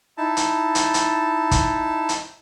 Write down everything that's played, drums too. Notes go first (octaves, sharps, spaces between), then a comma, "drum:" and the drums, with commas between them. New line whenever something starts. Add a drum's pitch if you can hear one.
D#4 E4 A5
drum: hi-hat
drum: hi-hat
drum: hi-hat
drum: kick, hi-hat
drum: hi-hat